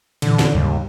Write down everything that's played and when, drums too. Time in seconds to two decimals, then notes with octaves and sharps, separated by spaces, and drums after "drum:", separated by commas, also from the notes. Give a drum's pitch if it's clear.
0.22 A#2 D3 E3, drum: cymbal
0.39 E2, drum: snare
0.55 D#2 G#2 C#3 G3